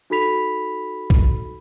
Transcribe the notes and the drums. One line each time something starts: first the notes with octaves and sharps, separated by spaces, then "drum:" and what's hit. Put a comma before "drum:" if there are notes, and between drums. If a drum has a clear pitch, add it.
D#4 F#4 A4 B5 B6 F7
drum: kick